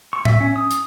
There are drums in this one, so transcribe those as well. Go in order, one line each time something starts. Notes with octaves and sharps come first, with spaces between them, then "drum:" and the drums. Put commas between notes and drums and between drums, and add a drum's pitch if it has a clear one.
C#6
E5, drum: tom A2
C#4
D#6
drum: hi-hat